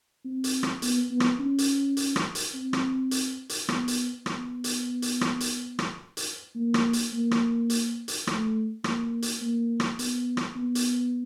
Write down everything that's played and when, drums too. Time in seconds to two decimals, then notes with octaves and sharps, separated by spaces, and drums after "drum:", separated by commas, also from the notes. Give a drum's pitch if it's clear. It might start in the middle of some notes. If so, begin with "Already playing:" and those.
0.25 C4
0.44 drum: hi-hat
0.63 drum: rim click
0.82 B3, drum: hi-hat
1.11 B3
1.20 drum: rim click
1.39 C#4
1.58 drum: hi-hat
1.97 drum: hi-hat
2.16 drum: rim click
2.35 drum: hi-hat
2.54 C4
2.73 drum: rim click
3.11 drum: hi-hat
3.49 drum: hi-hat
3.69 B3, drum: rim click
3.88 drum: hi-hat
4.26 B3, drum: rim click
4.64 drum: hi-hat
5.02 drum: hi-hat
5.21 drum: rim click
5.40 drum: hi-hat
5.79 drum: rim click
6.17 drum: hi-hat
6.55 A#3
6.74 drum: rim click
6.93 drum: hi-hat
7.13 A#3
7.31 drum: rim click
7.70 drum: hi-hat
8.08 drum: hi-hat
8.27 A3, drum: rim click
8.84 A#3, drum: rim click
9.22 drum: hi-hat
9.41 A#3
9.80 drum: rim click
9.99 B3, drum: hi-hat
10.37 drum: rim click
10.55 B3
10.75 drum: hi-hat